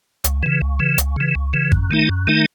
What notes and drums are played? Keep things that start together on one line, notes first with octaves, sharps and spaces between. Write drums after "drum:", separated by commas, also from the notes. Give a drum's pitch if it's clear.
C#2, drum: hi-hat
C#3 E3
C#2
C#3 E3
C#2, drum: hi-hat
C#3 E3
C#2
C#3 E3
F#2, drum: kick G#1
D#3 A3 D#4
F#2
D#3 A3 D#4